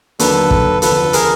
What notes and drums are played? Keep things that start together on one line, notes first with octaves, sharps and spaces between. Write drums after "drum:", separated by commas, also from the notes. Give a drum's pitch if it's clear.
D#2 D3 F#3 A#3 D4 A4 B4, drum: hi-hat
drum: kick
F1 D#2 D3 F3 A4 B4, drum: hi-hat
G#4 A#4, drum: hi-hat